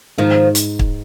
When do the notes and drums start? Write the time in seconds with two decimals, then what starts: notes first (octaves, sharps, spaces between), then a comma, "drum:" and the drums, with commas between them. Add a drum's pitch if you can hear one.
0.18 G#2 D#3 F3
0.55 drum: hi-hat
0.79 drum: kick